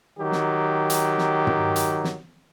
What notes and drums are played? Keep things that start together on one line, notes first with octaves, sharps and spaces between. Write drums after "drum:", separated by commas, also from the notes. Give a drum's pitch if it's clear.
D#3 F#3 G4
drum: snare
drum: hi-hat
drum: snare
drum: tom
drum: hi-hat
drum: snare